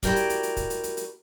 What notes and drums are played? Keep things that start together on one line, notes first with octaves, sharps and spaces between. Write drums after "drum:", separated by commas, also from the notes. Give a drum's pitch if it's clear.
E4 F#4 G4 A#4 D5, drum: kick, hi-hat
drum: hi-hat
drum: hi-hat
drum: hi-hat
drum: kick, hi-hat
drum: hi-hat
drum: hi-hat
drum: hi-hat